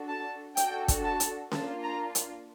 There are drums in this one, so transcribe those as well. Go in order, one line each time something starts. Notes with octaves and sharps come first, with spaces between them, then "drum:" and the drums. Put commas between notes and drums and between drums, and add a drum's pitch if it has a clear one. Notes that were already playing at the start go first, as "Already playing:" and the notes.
Already playing: D4 F#4 A4
A5
D4 F#4 A4 G5, drum: hi-hat
drum: kick, hi-hat
A5
drum: hi-hat
A#3 D4 F4 A5, drum: snare C#4
A#5
drum: hi-hat